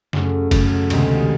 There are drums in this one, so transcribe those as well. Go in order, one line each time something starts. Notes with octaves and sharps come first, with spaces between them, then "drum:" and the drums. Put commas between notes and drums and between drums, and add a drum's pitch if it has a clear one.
F#2 C#3 F#3 A3, drum: snare
F#2 C#3 F#3 A3, drum: kick F#1, cymbal
D2 C3 D#3 G#3 B3, drum: cymbal